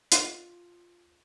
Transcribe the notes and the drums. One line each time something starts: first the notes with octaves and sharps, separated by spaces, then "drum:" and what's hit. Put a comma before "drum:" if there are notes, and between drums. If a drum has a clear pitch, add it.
F4, drum: hi-hat